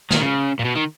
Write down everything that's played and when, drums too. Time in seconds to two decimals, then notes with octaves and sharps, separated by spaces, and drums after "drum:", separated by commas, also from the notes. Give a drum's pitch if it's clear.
0.11 D#3, drum: snare
0.21 C#3
0.59 A#2
0.65 B2
0.75 D#3